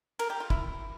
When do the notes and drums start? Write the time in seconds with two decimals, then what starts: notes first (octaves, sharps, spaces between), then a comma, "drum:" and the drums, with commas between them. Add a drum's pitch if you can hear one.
0.19 A#4, drum: cymbal
0.30 G4
0.40 F4
0.50 E4, drum: kick